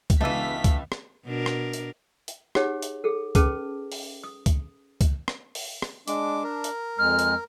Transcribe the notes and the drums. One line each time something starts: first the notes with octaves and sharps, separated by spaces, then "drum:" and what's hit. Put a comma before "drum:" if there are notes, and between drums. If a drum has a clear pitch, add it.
drum: kick C#2, hi-hat
E1 C#2 E3 A3 F5 E6 B6
drum: kick C#2, hi-hat
drum: rim click
B2 D4 A#4
drum: rim click
drum: hi-hat
drum: hi-hat
D#4 G4 G#4 C#5 F#5, drum: rim click
drum: hi-hat
G#4 A4
C#4 G#4 B4 A5 D6, drum: kick C#2, hi-hat
drum: open hi-hat
D#6
drum: kick C#2, hi-hat
drum: kick C#2, hi-hat
drum: rim click
drum: open hi-hat
drum: rim click
G#3 D4 D6, drum: hi-hat
A#4
drum: hi-hat
F2 G#3 F6
drum: hi-hat